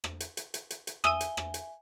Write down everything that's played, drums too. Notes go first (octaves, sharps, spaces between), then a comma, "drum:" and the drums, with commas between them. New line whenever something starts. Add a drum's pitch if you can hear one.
drum: rim click
drum: hi-hat
drum: hi-hat
drum: hi-hat
drum: hi-hat
drum: hi-hat
E5 G#5 D#6 E6 D#7 G7, drum: rim click
drum: hi-hat
drum: rim click
drum: hi-hat